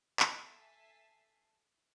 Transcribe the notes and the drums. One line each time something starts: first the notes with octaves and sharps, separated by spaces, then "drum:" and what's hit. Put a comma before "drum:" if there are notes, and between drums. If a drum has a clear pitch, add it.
A4 E5 G#5 A5 B6 C7, drum: clap